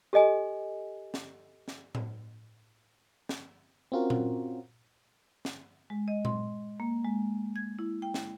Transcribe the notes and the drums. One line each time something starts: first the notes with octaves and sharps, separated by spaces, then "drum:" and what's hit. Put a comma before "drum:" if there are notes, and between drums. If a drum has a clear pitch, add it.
G4 A4 D#5 G#5
drum: snare
drum: snare
drum: tom A2
drum: snare
C4 C#4 F4 F#4 A#4
drum: tom A#2
drum: snare
G#3
D#5
C6, drum: tom A#2
A#3
G#3
G#6
E4
G5
drum: snare